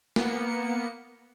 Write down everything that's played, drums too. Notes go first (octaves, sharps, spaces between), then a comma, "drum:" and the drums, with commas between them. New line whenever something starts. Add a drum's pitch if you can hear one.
A#3 B3 C#7, drum: snare